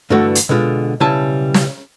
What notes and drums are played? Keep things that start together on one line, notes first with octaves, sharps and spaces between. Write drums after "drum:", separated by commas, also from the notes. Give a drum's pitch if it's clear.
G2 D3 E3 A3 F#4
drum: hi-hat
B2 D3 G#3 F4
B1 C#3 G3 E4 G#5 A5
drum: snare